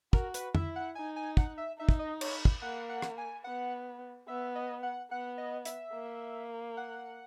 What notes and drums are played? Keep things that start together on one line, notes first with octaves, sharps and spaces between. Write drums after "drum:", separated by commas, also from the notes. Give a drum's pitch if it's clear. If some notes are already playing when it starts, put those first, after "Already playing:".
F#4 A#4, drum: kick
B4, drum: hi-hat
E4 E5, drum: tom F2
F#5
D#4 G#5
G#5
F#5, drum: kick
E5
D#4 E5
drum: kick
D#5
C#5, drum: cymbal
drum: kick
A#3 F#5
F#5
drum: rim click
G#5
B3 F#5
B3 E5
D#5
F#5
B3 F#5
D#5
E5, drum: hi-hat
A#3
F#5